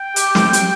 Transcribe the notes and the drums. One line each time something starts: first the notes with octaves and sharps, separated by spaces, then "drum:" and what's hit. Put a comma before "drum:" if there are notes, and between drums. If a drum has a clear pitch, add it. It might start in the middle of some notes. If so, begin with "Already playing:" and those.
Already playing: G5
G4, drum: hi-hat
drum: snare
drum: hi-hat